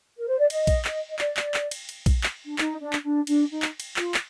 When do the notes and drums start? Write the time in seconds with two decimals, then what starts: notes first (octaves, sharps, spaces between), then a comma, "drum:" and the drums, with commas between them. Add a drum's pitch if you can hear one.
0.18 A#4
0.28 C5
0.39 D5
0.50 D#5, drum: cymbal
0.67 drum: kick, cymbal
0.85 drum: clap
1.10 D#5
1.19 D5, drum: clap
1.37 drum: clap
1.54 drum: clap
1.71 drum: cymbal
1.89 drum: cymbal
2.06 drum: kick, cymbal
2.23 drum: clap
2.46 D4
2.58 D#4, drum: clap
2.81 D4
2.93 drum: clap
3.04 D4
3.27 D4, drum: cymbal
3.51 D#4
3.62 drum: clap
3.80 drum: cymbal
3.96 F4, drum: clap
4.14 drum: clap